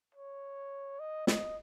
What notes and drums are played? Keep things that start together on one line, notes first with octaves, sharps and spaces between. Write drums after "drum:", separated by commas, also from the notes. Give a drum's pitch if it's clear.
C#5
D#5
D#5, drum: snare